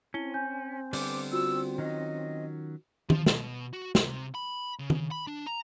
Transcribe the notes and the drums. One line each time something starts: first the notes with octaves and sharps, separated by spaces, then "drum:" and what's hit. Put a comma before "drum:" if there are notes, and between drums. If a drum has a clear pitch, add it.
C4 C#4 E4 G7
G#5 G6
D3 G3 B3 D6, drum: open hi-hat
F4 F#4 E6
D#3 F#3 C#4 D#5
F3, drum: tom D#3
B2, drum: snare
F#4
C3, drum: snare
B5
C#3
drum: tom D#3
B5
D4
A#5